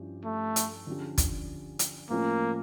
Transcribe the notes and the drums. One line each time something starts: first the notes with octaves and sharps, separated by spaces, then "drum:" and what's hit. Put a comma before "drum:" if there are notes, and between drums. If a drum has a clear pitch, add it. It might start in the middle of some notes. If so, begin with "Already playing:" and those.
Already playing: G2 F3 C#4 E4 G4
A3
drum: hi-hat
D3 F3 C#4 G4
drum: kick, hi-hat
drum: hi-hat
A2 F3 A#3 C#4 F4